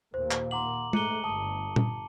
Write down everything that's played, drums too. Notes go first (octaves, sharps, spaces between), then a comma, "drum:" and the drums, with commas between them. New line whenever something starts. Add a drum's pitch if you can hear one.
D#2 A#2 A#3 C5
drum: clap
F#5 A#5 C6 D6 F#7
G#2 A3 A#5 D6 F#6 C#7 D#7 G7, drum: tom
G1 A5 D#6
drum: tom A#2